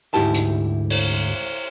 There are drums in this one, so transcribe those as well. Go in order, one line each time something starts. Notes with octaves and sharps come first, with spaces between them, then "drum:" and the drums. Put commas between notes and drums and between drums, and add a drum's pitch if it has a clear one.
D2 G#2 E4 G4 A5
drum: hi-hat
drum: cymbal